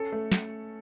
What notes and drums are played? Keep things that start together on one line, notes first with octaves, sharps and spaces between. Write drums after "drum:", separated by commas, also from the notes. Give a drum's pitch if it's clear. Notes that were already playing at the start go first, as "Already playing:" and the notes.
Already playing: C#4 A4
A3
drum: snare